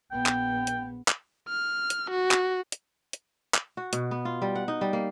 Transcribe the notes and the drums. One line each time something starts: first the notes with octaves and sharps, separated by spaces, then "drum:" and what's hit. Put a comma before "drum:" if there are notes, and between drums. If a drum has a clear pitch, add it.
A#1 B3 G5
drum: clap
drum: hi-hat
drum: clap
F6
drum: hi-hat
F#4
drum: clap
drum: hi-hat
drum: hi-hat
drum: clap
F#4
B2, drum: hi-hat
B3
F4
G3
F#5
D#4
G3
A#3